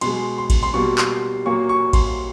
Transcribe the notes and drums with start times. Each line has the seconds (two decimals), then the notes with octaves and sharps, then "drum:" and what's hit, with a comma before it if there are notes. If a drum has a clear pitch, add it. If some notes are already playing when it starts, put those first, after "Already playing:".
0.01 B2 G#3 C6, drum: cymbal
0.38 C6
0.50 drum: kick A1, cymbal
0.63 C6
0.74 B2 G3 A#3 C#6
0.98 C6, drum: clap
1.46 A#2 F#3 A#3 C#6
1.69 C#6
1.93 C6, drum: kick A1, cymbal